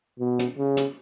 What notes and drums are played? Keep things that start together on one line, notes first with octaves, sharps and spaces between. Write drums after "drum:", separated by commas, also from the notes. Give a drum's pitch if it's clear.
B2
drum: hi-hat
C#3
drum: hi-hat